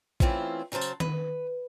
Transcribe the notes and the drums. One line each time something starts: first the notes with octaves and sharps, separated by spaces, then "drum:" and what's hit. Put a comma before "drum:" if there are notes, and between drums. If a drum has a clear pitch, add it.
E3 A3 C4 C#4 E4 F4, drum: kick A1
C#3 F#3 A#4 C5 A5
drum: tambourine
B4, drum: tom D#3